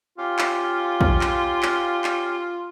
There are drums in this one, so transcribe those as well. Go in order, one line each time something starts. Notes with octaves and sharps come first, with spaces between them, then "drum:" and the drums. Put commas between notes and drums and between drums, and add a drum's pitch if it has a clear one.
C#4 F4 G4 F5
drum: clap
drum: kick
drum: clap
drum: clap
drum: clap